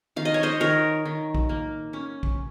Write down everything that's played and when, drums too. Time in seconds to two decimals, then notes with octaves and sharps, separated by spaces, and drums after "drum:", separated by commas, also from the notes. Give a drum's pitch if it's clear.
0.16 D#3 F5
0.25 D#5
0.34 C#5
0.43 C5 D#5
0.60 D#3 A#4 C#5
1.05 D#3
1.35 drum: kick A#1
1.49 A#3
1.93 C#4
2.23 drum: kick A#1